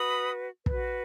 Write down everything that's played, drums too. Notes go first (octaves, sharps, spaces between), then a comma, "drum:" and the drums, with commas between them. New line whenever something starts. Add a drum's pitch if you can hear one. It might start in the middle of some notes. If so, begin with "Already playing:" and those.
Already playing: F#4 B4 B5 D#6
F#4 B4, drum: kick